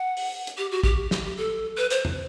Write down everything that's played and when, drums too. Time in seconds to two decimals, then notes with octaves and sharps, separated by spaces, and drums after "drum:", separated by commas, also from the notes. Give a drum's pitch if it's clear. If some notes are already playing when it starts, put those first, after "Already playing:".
Already playing: F#5
0.17 drum: open hi-hat
0.47 drum: hi-hat
0.57 G4
0.71 F#4
0.83 G4, drum: kick
1.11 drum: snare
1.24 G4
1.37 A4
1.77 B4
1.90 C5, drum: hi-hat
2.05 drum: tom E2